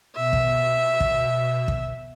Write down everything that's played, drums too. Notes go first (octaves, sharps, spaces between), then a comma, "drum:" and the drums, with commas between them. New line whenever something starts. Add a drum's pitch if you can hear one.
B2 E5
drum: kick
drum: kick
drum: kick